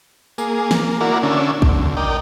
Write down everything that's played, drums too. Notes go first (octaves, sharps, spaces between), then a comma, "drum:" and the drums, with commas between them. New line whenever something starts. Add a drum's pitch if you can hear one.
A#3 G#4, drum: tambourine
A#3, drum: snare
A#3 E4 F#4 A#4 D5
D3 C#4 D4 E5
D2, drum: kick
A#4 D5 D#5 G5